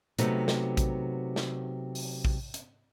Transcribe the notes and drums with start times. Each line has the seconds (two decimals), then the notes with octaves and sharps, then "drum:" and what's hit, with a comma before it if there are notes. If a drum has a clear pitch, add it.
0.19 C3 F#3 A3 B3 C4 D#4, drum: hi-hat
0.48 drum: snare
0.77 drum: kick A#1, hi-hat
1.36 drum: snare
1.95 drum: open hi-hat
2.25 drum: kick A#1
2.54 drum: hi-hat